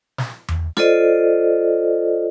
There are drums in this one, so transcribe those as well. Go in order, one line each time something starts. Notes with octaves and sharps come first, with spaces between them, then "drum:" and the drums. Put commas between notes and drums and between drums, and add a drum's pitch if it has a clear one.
drum: snare
drum: tom E2
F4 A4 C5 D5 D#5, drum: rim click